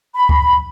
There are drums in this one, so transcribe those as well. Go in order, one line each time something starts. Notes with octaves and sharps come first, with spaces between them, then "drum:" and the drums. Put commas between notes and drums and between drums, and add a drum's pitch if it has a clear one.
B5
drum: kick C#2